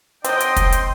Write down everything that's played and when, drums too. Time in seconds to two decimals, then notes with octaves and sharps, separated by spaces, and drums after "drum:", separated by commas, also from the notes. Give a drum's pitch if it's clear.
0.24 F#3 C4 D#5 G5 C6, drum: hi-hat
0.40 drum: hi-hat
0.56 drum: kick, hi-hat
0.72 drum: hi-hat